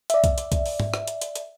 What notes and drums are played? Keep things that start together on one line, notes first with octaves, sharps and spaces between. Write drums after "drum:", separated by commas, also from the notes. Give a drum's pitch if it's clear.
D5 E5, drum: hi-hat
drum: kick B1, hi-hat
drum: hi-hat
drum: kick B1, hi-hat
drum: open hi-hat
drum: tom G#2
drum: rim click
drum: hi-hat
drum: hi-hat
drum: hi-hat